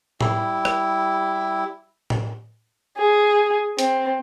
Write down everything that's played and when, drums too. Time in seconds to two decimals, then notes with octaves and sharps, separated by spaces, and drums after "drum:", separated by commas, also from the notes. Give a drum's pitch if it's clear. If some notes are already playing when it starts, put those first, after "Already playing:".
0.21 G3 E4, drum: tom A2
0.65 drum: rim click
2.10 drum: tom A2
2.98 G#4
3.79 C4, drum: hi-hat